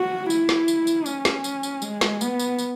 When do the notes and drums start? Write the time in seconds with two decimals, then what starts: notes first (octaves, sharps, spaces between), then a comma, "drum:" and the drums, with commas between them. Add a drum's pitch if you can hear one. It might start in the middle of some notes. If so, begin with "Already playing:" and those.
Already playing: F#4
0.30 E4, drum: tambourine
0.49 drum: snare
0.68 drum: tambourine
0.87 drum: tambourine
1.06 C#4, drum: tambourine
1.25 drum: snare
1.44 drum: tambourine
1.63 drum: tambourine
1.82 G#3, drum: tambourine
2.01 drum: snare
2.21 B3, drum: tambourine
2.39 drum: tambourine
2.59 drum: tambourine